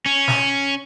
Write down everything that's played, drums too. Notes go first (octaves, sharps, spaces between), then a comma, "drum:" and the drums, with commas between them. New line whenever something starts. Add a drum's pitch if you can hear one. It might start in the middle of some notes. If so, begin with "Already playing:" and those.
C#4
drum: snare